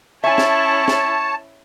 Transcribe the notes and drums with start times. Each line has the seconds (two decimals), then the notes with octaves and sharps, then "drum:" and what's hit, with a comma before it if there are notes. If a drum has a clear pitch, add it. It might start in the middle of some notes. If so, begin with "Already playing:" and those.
0.24 C#4 E4 C#5 E5 G#5 A5
0.38 drum: snare
0.88 drum: snare